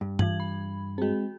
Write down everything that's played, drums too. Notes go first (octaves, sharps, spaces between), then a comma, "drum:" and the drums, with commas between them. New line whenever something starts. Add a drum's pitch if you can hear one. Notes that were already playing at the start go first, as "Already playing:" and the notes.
G2
E3 G#6 F#7, drum: tom
B5
G#3 C4 F#4 G#4